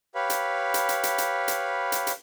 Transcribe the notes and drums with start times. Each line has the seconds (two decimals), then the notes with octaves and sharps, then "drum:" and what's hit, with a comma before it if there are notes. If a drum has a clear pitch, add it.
0.15 G4 B4 C#5 F5 B5
0.30 drum: hi-hat
0.74 drum: hi-hat
0.89 drum: hi-hat
1.04 drum: hi-hat
1.18 drum: hi-hat
1.48 drum: hi-hat
1.92 drum: hi-hat
2.07 drum: hi-hat